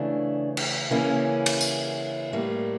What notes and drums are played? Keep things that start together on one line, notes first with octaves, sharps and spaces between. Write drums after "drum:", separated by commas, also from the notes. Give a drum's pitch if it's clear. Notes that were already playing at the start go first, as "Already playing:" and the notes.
Already playing: C#3 E3 A3 D4
drum: cymbal
C#3 E3 A#3 C#4 E4
drum: cymbal
drum: tambourine
A2 G3 A#3